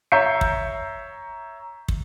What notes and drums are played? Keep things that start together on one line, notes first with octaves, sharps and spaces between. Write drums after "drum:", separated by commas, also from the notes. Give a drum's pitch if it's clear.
C#5 E5 A#5 G6 C7 C#7
drum: kick
drum: kick